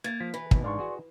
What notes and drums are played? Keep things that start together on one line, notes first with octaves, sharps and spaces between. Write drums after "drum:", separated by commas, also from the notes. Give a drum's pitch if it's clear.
A#3 G#6 A6
F3 B6
E3 B4
D#2 B2, drum: kick
G#2 D4 D5 F5 C6 C#6
F#4 G#4